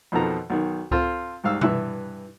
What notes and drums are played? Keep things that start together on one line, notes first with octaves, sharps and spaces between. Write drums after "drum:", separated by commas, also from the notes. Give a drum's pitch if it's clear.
F2 B2 D#3 F3 A4 A#5
B1 D#3
C4 F4 A4 C5, drum: kick C#2
C2 G#2 F5 E6
G2 E3 E5 E6 F#6, drum: tom B2